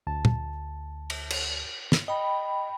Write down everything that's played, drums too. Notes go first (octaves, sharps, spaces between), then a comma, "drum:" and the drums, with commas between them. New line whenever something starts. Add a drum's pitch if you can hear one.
D2 A5
drum: tom
drum: cymbal
drum: cymbal
drum: snare
D#5 G5 B5